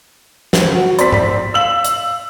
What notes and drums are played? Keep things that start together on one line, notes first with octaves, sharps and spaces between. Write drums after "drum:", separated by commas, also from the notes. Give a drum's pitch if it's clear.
drum: snare
F#4
C4 D5 C6 B6, drum: hi-hat
drum: tom G#2
F5 E6 F#7
drum: hi-hat